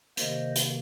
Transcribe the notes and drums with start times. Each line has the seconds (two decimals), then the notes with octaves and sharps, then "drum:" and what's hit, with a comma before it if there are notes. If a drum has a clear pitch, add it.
0.17 C3 D#3 A#3 C5 D#5, drum: hi-hat
0.56 drum: hi-hat